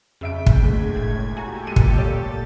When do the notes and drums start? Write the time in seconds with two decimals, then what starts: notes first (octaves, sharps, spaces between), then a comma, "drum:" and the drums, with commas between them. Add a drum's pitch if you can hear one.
0.21 F2 C#3 E5 G6 B6 D7
0.46 drum: kick
0.62 D2 A2 G#3 G#6
0.95 F#1
1.37 A#2 F#4 G4 A4 G#5 A#5
1.67 G#3 C#7 D#7
1.76 drum: kick
1.98 C#2 C#5 A6